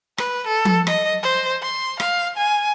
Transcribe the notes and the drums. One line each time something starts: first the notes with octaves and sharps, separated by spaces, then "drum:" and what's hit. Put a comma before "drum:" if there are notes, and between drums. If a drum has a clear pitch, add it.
B4, drum: rim click
A4
drum: tom F3
D#5, drum: rim click
C5
C6
F5, drum: rim click
G#5